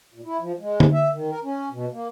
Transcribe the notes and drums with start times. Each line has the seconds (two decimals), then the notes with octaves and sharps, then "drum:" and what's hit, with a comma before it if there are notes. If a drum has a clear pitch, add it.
0.14 A#2
0.25 E4
0.41 F3
0.60 G#3
0.80 drum: tom D3
0.93 E5
1.12 D#3
1.31 A#4
1.44 C#4
1.72 B2
1.92 A#3